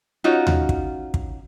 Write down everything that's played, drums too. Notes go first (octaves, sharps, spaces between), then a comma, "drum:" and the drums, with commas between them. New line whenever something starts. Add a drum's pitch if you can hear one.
C#4 D#4 F4 F#4
drum: tom D#2
drum: kick
drum: kick